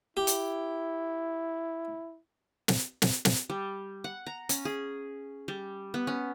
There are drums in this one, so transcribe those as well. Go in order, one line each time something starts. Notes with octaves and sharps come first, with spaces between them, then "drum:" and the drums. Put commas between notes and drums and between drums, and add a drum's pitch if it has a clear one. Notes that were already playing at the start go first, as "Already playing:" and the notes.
E4 G4
drum: hi-hat
drum: snare
drum: snare
drum: snare
G3
F#5
A#5
C#4, drum: hi-hat
G#4
G3
B3
C#4